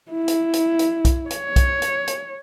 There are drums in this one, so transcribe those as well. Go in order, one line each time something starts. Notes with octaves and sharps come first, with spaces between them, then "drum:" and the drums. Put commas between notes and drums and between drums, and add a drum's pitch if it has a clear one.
E4
drum: hi-hat
drum: hi-hat
drum: hi-hat
drum: kick B1, hi-hat
C#5, drum: hi-hat
drum: kick B1, hi-hat
drum: hi-hat
drum: hi-hat